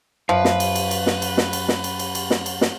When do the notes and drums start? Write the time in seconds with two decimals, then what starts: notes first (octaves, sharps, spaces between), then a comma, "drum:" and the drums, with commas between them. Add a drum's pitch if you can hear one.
0.29 F#2 F3 B4 F5
0.45 drum: snare
0.60 drum: cymbal
0.76 drum: cymbal
0.91 drum: cymbal
1.07 drum: snare
1.22 drum: cymbal
1.37 drum: snare
1.53 drum: cymbal
1.68 drum: snare
1.84 drum: cymbal
1.99 drum: cymbal
2.15 drum: cymbal
2.30 drum: snare
2.46 drum: cymbal
2.61 drum: snare